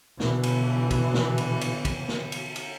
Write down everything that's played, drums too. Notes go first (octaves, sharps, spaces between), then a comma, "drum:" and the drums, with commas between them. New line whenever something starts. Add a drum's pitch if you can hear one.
B2 D3 E3, drum: snare
drum: cymbal
drum: kick, cymbal
drum: snare
drum: cymbal
drum: cymbal
drum: kick, cymbal
drum: snare
drum: cymbal
drum: cymbal